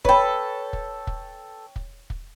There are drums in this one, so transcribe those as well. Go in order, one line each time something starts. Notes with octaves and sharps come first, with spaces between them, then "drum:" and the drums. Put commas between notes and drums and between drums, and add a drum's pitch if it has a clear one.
A4 B4 C#5 G5, drum: kick
drum: kick
drum: kick
drum: kick
drum: kick